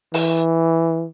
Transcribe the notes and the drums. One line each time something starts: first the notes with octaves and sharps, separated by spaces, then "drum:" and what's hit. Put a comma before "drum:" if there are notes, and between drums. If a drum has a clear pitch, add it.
E3, drum: open hi-hat